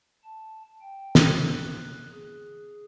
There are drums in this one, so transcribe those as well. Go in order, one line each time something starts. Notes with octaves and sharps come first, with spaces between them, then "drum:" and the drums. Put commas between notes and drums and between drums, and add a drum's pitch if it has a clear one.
A5
G5
drum: snare
F#6
G#4